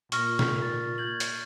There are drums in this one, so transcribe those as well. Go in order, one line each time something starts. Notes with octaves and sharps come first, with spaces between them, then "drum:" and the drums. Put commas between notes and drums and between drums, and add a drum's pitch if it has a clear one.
A#2 C#6 F6 A#6, drum: hi-hat
drum: snare
A6
G6 G#6 F#7
drum: hi-hat